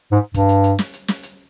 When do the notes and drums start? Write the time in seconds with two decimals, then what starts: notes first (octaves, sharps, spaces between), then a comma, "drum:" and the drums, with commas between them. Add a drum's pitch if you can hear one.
0.12 G#2
0.34 G2, drum: kick, hi-hat
0.49 drum: hi-hat
0.64 drum: hi-hat
0.79 drum: snare
0.93 drum: hi-hat
1.08 drum: snare
1.23 drum: hi-hat